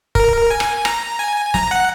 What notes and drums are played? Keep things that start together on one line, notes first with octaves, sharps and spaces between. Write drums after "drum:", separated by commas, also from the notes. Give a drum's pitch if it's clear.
A#4, drum: kick
G#5
drum: rim click
A#5, drum: rim click
G#5
A#5, drum: snare
F#5